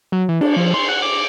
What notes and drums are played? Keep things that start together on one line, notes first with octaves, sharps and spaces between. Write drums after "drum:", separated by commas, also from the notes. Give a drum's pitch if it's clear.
F#3
E3
D4, drum: cymbal
F3
C6
F#5
D6